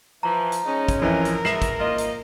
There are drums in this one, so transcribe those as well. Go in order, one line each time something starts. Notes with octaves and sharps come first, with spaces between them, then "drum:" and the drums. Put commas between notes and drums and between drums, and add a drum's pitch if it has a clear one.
E3 F3 A#5
drum: hi-hat
G#3 C#4 D#4
drum: kick, hi-hat
F2 E3 A#4
drum: hi-hat
G#2 B3 E5 C7 E7 F#7, drum: snare
drum: kick, hi-hat
F3 A#3 F4 D#5
drum: hi-hat